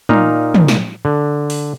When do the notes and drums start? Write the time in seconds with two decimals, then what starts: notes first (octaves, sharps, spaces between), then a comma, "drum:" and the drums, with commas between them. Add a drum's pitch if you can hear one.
0.09 A#2 D#4 F5, drum: tom
0.54 drum: tom
0.68 drum: snare
1.05 D3
1.50 drum: open hi-hat